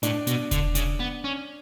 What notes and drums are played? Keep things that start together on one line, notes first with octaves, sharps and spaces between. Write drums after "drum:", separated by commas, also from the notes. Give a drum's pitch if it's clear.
A2 D4, drum: hi-hat
B2, drum: hi-hat
D3, drum: kick E1, hi-hat
C#3, drum: hi-hat
B3
C#4